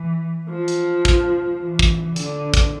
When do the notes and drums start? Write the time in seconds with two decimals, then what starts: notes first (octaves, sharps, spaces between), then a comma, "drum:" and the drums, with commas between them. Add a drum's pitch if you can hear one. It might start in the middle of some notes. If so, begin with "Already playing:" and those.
Already playing: E3
0.49 F3
0.68 drum: hi-hat
1.05 drum: kick, hi-hat
1.61 E3
1.79 drum: kick
2.16 D3, drum: hi-hat
2.54 drum: kick, hi-hat